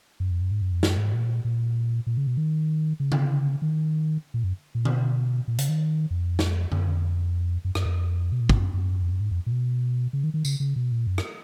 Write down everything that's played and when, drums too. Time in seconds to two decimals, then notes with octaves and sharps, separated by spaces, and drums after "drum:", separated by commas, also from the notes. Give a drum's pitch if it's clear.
0.20 F#2
0.31 F2
0.41 F#2
0.51 G#2
0.62 F#2
0.72 F2
0.83 F#2, drum: snare
0.98 G#2
1.14 A#2
1.45 A#2
2.07 A#2
2.17 C#3
2.27 B2
2.37 D#3
3.00 C#3
3.12 drum: tom D3
3.62 D#3
4.34 A#2
4.44 F#2
4.75 A#2
4.85 B2, drum: tom D3
5.48 A#2
5.58 C#3, drum: hi-hat
5.69 D#3
6.11 F2
6.39 drum: snare
6.72 F#2, drum: tom D3
6.88 F2
7.65 F#2
7.75 F#2, drum: rim click
7.85 F2
8.32 B2
8.41 A#2
8.49 G#2, drum: kick
8.58 F#2
8.74 F#2
9.02 F2
9.11 F#2
9.20 G#2
9.31 F2
9.46 A#2
9.52 B2
10.13 C#3
10.24 D#3
10.34 D#3
10.45 C#3, drum: tambourine
10.60 C#3
10.76 B2
10.92 A#2
11.07 F#2
11.18 drum: rim click